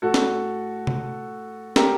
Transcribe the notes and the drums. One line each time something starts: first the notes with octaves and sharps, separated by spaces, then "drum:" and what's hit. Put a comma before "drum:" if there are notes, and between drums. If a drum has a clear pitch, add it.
A2 F#4 A4
drum: snare
drum: tom
G4 A#4, drum: snare